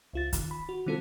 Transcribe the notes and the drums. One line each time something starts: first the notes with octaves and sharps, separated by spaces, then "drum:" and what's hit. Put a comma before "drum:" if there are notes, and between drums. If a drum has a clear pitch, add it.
C#2 F4 A6
D#3, drum: kick, hi-hat
B5
F#4
D#3 G3 C4 F4 A4